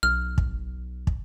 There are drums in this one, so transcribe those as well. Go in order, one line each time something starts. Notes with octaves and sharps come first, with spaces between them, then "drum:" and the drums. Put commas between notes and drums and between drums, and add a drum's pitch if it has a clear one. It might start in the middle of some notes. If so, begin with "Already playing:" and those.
B1 F6
drum: kick
drum: kick